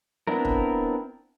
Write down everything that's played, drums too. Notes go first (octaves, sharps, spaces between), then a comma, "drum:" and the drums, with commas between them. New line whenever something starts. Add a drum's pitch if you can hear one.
B3 C4 D4 E4 A#4
drum: kick